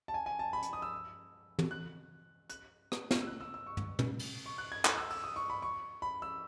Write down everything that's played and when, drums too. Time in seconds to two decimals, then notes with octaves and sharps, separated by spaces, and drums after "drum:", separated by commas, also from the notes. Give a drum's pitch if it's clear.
0.08 A5
0.14 G#5
0.26 G#5
0.39 A5
0.53 B5
0.63 drum: hi-hat
0.73 D#6
0.82 E6
1.59 drum: tom
1.71 F#6
2.50 F#6, drum: hi-hat
2.92 drum: rim click
3.11 drum: snare
3.22 E6
3.27 F#6
3.41 E6
3.54 E6
3.67 C#6
3.77 drum: tom
3.99 drum: tom
4.19 drum: cymbal
4.46 C#6
4.58 F#6
4.72 G#6
4.85 F#6, drum: clap
4.98 E6
5.10 E6, drum: open hi-hat
5.24 D#6
5.36 C#6
5.50 B5
5.62 C#6
6.02 B5
6.22 E6